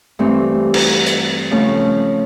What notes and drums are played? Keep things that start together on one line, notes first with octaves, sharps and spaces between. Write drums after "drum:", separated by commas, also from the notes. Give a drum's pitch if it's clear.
G2 E3 A3 C4
drum: cymbal
drum: hi-hat
C#3 F3 A3 C#4